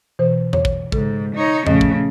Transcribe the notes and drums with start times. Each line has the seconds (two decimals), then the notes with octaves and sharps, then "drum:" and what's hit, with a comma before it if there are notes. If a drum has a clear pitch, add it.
0.19 B2 E3 C5
0.53 C#5, drum: tom E2
0.65 drum: kick
0.92 G#2 C#3 A4, drum: kick
1.35 D#4 C#5
1.67 A#2 C#3 F3 A3 D#5, drum: tom E2
1.81 drum: kick